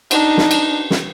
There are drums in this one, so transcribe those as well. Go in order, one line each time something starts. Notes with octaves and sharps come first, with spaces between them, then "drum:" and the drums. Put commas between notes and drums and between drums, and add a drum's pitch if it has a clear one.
D4 D#4, drum: cymbal
drum: snare
drum: cymbal
drum: snare